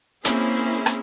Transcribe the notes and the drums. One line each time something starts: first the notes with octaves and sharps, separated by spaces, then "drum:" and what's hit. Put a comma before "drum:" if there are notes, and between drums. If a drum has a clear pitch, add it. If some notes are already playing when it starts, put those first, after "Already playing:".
A#3 C4 C#4 E4 G#4, drum: hi-hat
drum: rim click